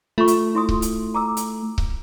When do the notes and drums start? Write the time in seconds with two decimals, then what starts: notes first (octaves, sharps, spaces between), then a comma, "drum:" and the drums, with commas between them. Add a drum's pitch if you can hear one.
0.18 A3 F4 C#6
0.28 drum: hi-hat
0.55 E4 C6 D#6
0.69 drum: kick C#1
0.82 drum: hi-hat
1.14 A#5 D6 E6
1.37 drum: hi-hat
1.78 drum: kick C#1